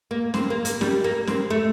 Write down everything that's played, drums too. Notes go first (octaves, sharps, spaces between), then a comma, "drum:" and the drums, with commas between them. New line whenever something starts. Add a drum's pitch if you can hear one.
A#3
C4, drum: snare
A#3
A#3, drum: hi-hat
G3, drum: snare
A#3
C4, drum: snare
A3